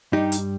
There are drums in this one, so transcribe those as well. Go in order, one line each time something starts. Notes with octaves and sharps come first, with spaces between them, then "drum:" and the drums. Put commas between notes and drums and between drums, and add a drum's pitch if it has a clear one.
G2 G3 D#4 G4
drum: hi-hat